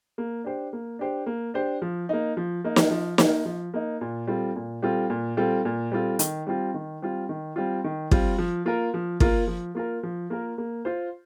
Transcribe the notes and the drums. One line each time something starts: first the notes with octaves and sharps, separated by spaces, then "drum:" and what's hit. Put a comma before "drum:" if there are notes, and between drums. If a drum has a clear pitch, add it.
A#3
D4 G4 C5
A#3
D4 G4 C5
A#3
D4 G4 C5
F3
A#3 D#4
F3
A#3 D#4
drum: snare
F3
A#3 D#4, drum: snare
F3
A#3 D#4
A#2
G3 C4 F4 A4
A#2
G3 C4 F4 A4
A#2
G3 C4 F4 A4
A#2
G3 C4 F4 A4
D#3, drum: hi-hat
G3 C4 F4
D#3
G3 C4 F4
D#3
G3 C4 F4
D#3
G3 C4 F4, drum: kick
F3
A#3 F4 A#4
F3
A#3 F4 A#4, drum: kick
F3
A#3 F4 A#4
F3
A#3 F4 A#4
A#3
F4 C5